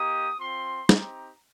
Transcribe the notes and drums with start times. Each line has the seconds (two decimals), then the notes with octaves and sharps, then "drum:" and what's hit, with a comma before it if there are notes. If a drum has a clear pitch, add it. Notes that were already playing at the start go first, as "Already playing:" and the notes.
Already playing: A#3 D#4 G4 D#6
0.39 C4 F4 C6
0.89 C4 D#4 G4 A#5, drum: snare